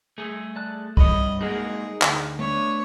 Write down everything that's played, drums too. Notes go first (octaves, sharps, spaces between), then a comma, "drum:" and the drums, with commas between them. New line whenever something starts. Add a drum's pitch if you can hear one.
A3 G#4
D5 A5 F#6
G2 C#5 D#5 B5 D#6, drum: kick
G#3 A#3 D#4 F#4 G#4 A#4
D2, drum: clap
A3 B3 D4 C#5